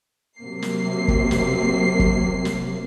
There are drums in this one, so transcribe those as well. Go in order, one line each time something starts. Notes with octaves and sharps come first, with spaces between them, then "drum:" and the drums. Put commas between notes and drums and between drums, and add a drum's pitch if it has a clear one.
C3 F#3 A#3 C7
drum: snare
drum: kick
drum: snare
drum: kick
drum: snare